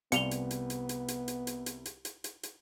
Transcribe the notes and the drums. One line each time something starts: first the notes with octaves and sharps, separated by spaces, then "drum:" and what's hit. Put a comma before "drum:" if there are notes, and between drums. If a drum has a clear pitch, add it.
C2 F3 G3 B3 C#7 F7 G7, drum: hi-hat
drum: hi-hat
drum: hi-hat
drum: hi-hat
drum: hi-hat
drum: hi-hat
drum: hi-hat
drum: hi-hat
drum: hi-hat
drum: hi-hat
drum: hi-hat
drum: hi-hat
drum: hi-hat